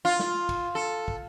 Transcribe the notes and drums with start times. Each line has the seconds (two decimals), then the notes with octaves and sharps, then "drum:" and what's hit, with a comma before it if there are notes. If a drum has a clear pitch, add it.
0.05 F4
0.19 drum: snare
0.49 drum: kick, cymbal
0.75 A4
1.08 drum: kick